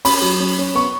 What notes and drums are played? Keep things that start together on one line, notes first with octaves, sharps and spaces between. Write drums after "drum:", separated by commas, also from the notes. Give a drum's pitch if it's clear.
C#4 B5, drum: open hi-hat
F#3
C#4
C#4
B3 C#6